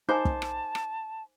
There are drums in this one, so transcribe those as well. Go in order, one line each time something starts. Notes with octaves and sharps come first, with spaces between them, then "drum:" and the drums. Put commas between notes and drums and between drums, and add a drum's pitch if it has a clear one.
D#4 C5 G#5 A5 D6
drum: kick
drum: rim click
drum: rim click